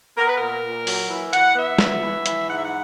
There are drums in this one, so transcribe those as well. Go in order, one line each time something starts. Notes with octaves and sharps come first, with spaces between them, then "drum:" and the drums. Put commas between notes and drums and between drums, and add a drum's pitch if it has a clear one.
B3 A#4
B4
A#2 A#4
A#2
F#3, drum: open hi-hat
E3
E3 F#5, drum: hi-hat
B3 E5
B3, drum: snare
E3
E3, drum: hi-hat
G#2 F#5
E5
F#5